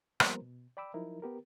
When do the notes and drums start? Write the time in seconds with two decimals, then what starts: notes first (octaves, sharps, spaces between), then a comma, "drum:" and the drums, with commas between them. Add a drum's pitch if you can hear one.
0.20 F3 G3 A#3 B3 A#4 C5, drum: rim click
0.42 B2
0.77 D5 G5 B5 D6 E6
0.94 F3 F#3 D#4 E4 A#4
1.22 B3 G4 A#4